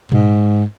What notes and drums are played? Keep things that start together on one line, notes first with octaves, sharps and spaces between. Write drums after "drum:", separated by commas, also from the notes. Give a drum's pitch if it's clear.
G#2, drum: tom A#2